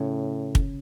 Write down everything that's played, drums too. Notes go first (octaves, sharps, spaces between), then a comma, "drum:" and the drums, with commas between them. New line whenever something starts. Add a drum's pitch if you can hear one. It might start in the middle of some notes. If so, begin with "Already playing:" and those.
Already playing: A2 C#3
drum: kick